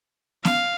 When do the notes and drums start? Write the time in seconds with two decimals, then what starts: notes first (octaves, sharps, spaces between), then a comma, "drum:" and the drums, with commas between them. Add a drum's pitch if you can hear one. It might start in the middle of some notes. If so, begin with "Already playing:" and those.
0.45 F5, drum: snare B3